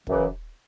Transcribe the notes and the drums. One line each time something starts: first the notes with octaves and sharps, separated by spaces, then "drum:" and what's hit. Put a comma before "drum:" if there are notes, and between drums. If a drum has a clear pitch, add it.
F#2 C#3 E3, drum: kick